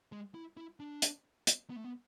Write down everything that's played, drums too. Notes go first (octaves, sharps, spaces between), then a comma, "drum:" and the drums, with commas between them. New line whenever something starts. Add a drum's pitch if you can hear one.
G#3
E4
E4
D4
drum: hi-hat
drum: hi-hat
B3
A3
B3